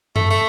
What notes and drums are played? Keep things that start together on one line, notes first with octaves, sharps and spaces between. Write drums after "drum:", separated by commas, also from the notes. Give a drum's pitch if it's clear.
A3, drum: tom F#2
A3, drum: tambourine